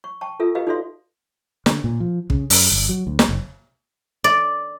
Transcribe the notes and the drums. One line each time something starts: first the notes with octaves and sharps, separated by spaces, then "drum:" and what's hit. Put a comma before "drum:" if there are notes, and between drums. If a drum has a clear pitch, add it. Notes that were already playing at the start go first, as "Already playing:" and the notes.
C#6
G5 A5 C#6
F4 A4 A#4 E5
F#4 G4 B4 D#5 F5
D#4 F#4 A4 D5 E5 C6
D3, drum: snare
A#2
F3
C#3, drum: kick
F#2, drum: open hi-hat
G1
F#3
D2
drum: snare
F#1
D5